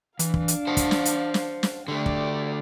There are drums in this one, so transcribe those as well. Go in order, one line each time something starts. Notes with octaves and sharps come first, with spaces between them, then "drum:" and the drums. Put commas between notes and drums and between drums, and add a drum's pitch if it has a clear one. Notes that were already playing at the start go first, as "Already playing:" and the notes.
E3 D4 F5, drum: hi-hat
drum: kick
drum: hi-hat
C5 F#5 A5
drum: kick, hi-hat
drum: snare
drum: hi-hat
drum: snare
drum: snare
D3 A3 G4 D5
drum: kick